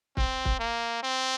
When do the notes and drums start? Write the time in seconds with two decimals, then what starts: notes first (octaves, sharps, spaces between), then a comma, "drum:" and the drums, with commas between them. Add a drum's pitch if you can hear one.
0.17 C4, drum: kick
0.45 drum: kick
0.59 A#3
1.03 C4